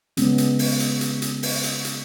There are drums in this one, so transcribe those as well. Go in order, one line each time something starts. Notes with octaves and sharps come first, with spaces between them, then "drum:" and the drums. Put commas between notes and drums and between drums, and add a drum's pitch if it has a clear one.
C#3 G#3 B3 C#4, drum: hi-hat
drum: hi-hat
drum: open hi-hat
drum: hi-hat
drum: hi-hat
drum: hi-hat
drum: open hi-hat
drum: hi-hat
drum: hi-hat